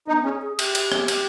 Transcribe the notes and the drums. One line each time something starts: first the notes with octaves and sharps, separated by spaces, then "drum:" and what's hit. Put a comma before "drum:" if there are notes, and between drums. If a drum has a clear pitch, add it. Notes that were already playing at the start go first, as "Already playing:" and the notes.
B3 D#4
C#4 G#4
G#4
G4, drum: cymbal
drum: cymbal
drum: rim click
drum: cymbal